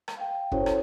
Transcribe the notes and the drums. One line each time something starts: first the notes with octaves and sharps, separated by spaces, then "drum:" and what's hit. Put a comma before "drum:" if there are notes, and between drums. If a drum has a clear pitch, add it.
drum: rim click
F5 G5
C#4 E4 F#4 A4 C5 C#5, drum: kick
drum: rim click